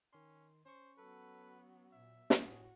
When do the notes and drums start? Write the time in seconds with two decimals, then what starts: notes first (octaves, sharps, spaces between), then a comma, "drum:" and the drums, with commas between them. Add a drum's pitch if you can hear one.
0.13 D#3 C#4 C6
0.66 C#4 C5 C#6
0.98 F#3 B3 A4 B4
1.92 A#2 E5
2.30 drum: snare
2.41 A2 F#4 G#4